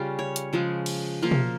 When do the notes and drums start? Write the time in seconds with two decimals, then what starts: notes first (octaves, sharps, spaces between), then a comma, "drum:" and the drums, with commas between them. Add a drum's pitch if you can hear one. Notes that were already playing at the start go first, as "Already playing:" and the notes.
Already playing: C#3 G3 C#4 F4
0.19 C#5
0.36 drum: hi-hat
0.53 C#3 F3 G#3
0.86 drum: cymbal
1.22 F3 A#3 F4
1.31 drum: tom B2